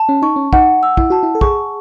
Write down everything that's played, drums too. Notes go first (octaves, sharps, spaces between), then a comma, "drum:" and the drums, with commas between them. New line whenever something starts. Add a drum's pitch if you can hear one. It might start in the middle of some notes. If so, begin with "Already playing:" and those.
Already playing: A5
C#4
D#4 C#6
C#4
D#4 F#5, drum: kick
E6
E4, drum: kick
F#4 A5
E4
A4
G#4 C#6, drum: kick